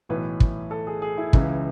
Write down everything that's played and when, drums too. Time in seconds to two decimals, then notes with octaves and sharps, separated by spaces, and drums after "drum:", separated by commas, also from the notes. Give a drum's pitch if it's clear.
0.09 B1 A2 E3 B4
0.40 drum: kick
0.71 A4
0.87 G#4
1.02 G#4
1.18 E4
1.33 C#2 C#3 E3, drum: kick